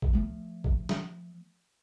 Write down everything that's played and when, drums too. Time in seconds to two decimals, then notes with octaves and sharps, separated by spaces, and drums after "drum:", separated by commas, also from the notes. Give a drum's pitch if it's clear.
0.02 drum: kick
0.13 F3 A3
0.64 drum: kick
0.89 drum: snare